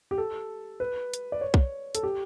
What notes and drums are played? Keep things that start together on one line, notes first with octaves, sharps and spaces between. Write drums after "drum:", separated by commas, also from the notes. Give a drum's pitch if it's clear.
G4
A4
B4
drum: hi-hat
D5
C#5
drum: kick
A4, drum: hi-hat
G4